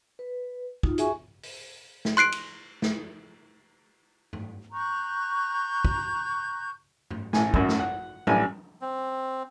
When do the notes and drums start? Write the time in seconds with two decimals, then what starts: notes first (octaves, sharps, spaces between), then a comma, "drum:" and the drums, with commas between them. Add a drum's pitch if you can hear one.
0.19 B4
0.83 D#4 F4, drum: kick
0.98 F#4 G#4 E5 G#5 C#6, drum: hi-hat
1.43 drum: open hi-hat
2.05 drum: snare
2.17 C6 F#6 C7 D7
2.32 drum: cymbal
2.82 drum: snare
4.33 drum: tom
4.72 A#5 C#6 F#6 G6
5.85 drum: kick
7.11 drum: tom
7.33 A1 G#5, drum: snare
7.54 G#1 F#2, drum: kick
7.69 drum: snare
7.80 F#5
8.27 A1 G3 D4 G#5, drum: tom F#3
8.81 C4